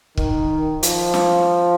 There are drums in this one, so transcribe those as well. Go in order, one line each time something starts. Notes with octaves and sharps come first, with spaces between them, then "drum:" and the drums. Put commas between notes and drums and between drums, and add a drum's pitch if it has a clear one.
D#3, drum: kick
F3, drum: hi-hat
drum: snare